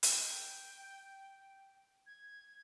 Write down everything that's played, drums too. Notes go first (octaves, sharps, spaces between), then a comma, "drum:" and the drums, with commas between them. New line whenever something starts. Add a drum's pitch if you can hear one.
G5, drum: hi-hat
G#6